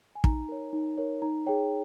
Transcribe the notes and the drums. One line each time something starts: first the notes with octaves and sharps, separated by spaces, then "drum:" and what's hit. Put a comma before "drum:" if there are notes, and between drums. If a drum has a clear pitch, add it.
G#5
D#4 A#5, drum: kick
A#4 C#5
D#4
A#4 C#5
D#4 A#5
G#4 C#5 G5